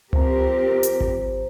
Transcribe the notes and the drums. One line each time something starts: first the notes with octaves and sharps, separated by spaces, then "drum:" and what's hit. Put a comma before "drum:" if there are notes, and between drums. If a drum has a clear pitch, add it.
F3 C4 G4 A#4 A#5, drum: tom C#2
drum: hi-hat
drum: kick G#1